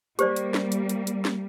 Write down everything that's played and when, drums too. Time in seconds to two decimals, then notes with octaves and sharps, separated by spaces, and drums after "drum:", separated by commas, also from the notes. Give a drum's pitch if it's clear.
0.19 G3 A#3 G4 C5 D5, drum: hi-hat
0.36 drum: hi-hat
0.54 drum: snare
0.72 drum: hi-hat
0.89 drum: hi-hat
1.07 drum: hi-hat
1.25 drum: snare